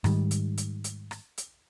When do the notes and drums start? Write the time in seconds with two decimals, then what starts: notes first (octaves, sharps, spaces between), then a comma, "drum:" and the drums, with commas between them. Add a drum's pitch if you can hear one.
0.04 G#2 D#3 G3, drum: rim click
0.31 drum: hi-hat
0.57 drum: hi-hat
0.84 drum: hi-hat
1.11 drum: rim click
1.38 drum: hi-hat